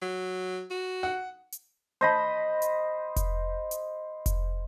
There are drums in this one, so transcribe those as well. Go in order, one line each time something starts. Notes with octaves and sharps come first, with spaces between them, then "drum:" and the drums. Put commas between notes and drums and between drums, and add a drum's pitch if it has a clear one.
F#3
F#4
F#5
drum: hi-hat
C5 D#5 B5
drum: hi-hat
drum: kick F1, hi-hat
drum: hi-hat
drum: kick F1, hi-hat